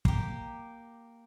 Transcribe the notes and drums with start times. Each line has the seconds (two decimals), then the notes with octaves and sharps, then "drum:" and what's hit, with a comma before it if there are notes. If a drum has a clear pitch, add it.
0.05 A#3 G4, drum: kick